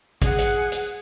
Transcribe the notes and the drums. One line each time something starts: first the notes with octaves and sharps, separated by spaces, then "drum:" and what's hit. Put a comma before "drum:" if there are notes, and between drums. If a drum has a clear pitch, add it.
G#4 F#5, drum: kick, hi-hat
drum: hi-hat
drum: hi-hat